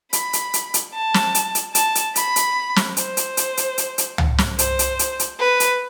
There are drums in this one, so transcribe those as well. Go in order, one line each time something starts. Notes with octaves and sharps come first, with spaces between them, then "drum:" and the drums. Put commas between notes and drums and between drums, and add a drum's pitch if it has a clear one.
B5, drum: hi-hat
drum: hi-hat
drum: hi-hat
drum: hi-hat
A5
drum: snare
drum: hi-hat
drum: hi-hat
A5, drum: hi-hat
drum: hi-hat
B5, drum: hi-hat
drum: hi-hat
drum: snare
C5, drum: hi-hat
drum: hi-hat
drum: hi-hat
drum: hi-hat
drum: hi-hat
drum: hi-hat
drum: tom C#2
drum: snare
C5, drum: hi-hat
drum: hi-hat
drum: hi-hat
drum: hi-hat
B4
drum: hi-hat